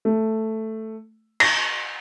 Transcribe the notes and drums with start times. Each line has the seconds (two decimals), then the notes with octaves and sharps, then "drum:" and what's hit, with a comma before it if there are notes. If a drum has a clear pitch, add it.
0.05 A3
1.40 A#6, drum: cymbal